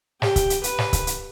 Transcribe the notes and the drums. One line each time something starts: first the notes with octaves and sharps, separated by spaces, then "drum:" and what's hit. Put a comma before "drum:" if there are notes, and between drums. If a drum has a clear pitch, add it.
G4, drum: snare
drum: kick C#1, hi-hat
drum: hi-hat
B4, drum: hi-hat
drum: snare
drum: kick C#1, hi-hat
drum: hi-hat